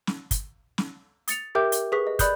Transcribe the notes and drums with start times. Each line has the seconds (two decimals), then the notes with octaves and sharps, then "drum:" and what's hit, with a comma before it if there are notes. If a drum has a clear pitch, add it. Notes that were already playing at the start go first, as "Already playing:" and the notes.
0.07 drum: snare
0.31 drum: kick, hi-hat
0.78 drum: snare
1.28 D#6 A6 C#7 F7, drum: hi-hat
1.55 G4 A#4 E5 G5 D6 G6
1.72 drum: hi-hat
1.92 G#4 B4 C#6 D#6 B6
2.07 D#5
2.19 D5 B5 D#6 F#6 G6, drum: kick, hi-hat